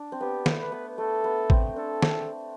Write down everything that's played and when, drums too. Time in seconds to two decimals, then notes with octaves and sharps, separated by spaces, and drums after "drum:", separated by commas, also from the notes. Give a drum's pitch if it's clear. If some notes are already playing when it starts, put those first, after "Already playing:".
Already playing: D4
0.12 C4
0.20 B3 G4
0.46 A3, drum: snare
0.59 B4
0.72 B3
0.98 A3 A4
1.24 B3
1.50 C4, drum: kick A1
1.76 D4 A4
2.03 drum: snare